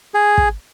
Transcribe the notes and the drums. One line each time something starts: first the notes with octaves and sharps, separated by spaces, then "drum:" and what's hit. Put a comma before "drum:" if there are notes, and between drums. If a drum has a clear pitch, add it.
G#4
drum: kick